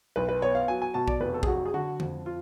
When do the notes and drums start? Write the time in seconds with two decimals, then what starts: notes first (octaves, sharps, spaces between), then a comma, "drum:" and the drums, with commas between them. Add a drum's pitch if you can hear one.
0.16 B1 B4
0.29 B4
0.42 B3 C#5
0.55 F5
0.68 F#3 G#5
0.82 G#5
0.94 B2 A5
1.08 D5, drum: kick
1.21 F1 B4
1.34 A4
1.43 G#4, drum: kick
1.47 F#3 F#4
1.65 G#4
1.74 D3 F#4
2.00 F2, drum: tom D3
2.26 F4